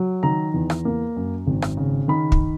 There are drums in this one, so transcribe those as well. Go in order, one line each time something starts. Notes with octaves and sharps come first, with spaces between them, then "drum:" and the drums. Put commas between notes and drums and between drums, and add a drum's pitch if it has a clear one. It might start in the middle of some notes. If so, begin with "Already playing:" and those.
Already playing: F#3
D#3 A#5
E2
drum: rim click
A#3
F#2
G#1
drum: rim click
C#3
D#3 B5
drum: kick